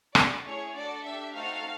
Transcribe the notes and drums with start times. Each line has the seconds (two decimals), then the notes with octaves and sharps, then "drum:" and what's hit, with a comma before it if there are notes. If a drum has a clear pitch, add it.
0.15 D4 F#4 A4 D5, drum: rim click
0.44 A3 C#4 E4 G#4 C#5
0.74 D4 F#4 A4 D5
1.05 D4 G4 E5
1.35 A3 C4 D#4 F#4 A4 F5